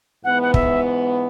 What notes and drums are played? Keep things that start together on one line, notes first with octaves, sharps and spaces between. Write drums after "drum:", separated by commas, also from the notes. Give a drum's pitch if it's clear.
G#2 E3 B3 F#5
F#5
E5, drum: kick